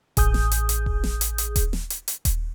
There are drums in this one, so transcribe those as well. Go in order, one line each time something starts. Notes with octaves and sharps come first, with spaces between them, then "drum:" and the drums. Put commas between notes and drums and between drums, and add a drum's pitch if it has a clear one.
A1 G#4 D#6 G6, drum: kick D#1, hi-hat
drum: snare
drum: hi-hat
drum: hi-hat
drum: kick D#1
drum: snare
drum: hi-hat
drum: hi-hat
drum: kick D#1, hi-hat
drum: snare
drum: hi-hat
drum: hi-hat
drum: kick D#1, hi-hat